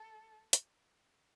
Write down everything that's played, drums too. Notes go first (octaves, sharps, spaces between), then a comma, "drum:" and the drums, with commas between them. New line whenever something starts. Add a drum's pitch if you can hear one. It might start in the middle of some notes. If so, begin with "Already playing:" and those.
Already playing: A4
drum: hi-hat